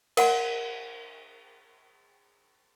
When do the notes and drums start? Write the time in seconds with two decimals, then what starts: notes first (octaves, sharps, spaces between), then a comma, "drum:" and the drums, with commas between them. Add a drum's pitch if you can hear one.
0.17 A#4 F#5 C6, drum: cymbal